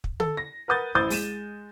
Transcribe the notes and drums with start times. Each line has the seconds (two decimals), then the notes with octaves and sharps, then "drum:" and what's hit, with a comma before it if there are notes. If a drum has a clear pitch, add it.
0.04 drum: kick
0.20 A4, drum: tom
0.37 A#6
0.68 A#4 B4 F#5 D#6 G6 A6
0.95 A1 E4 C5 D#6 G6 A6
1.10 G#3 D#7 E7, drum: open hi-hat